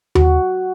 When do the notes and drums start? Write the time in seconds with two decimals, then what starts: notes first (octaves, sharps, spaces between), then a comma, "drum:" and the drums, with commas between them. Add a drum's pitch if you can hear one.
0.15 F#4, drum: tom D#2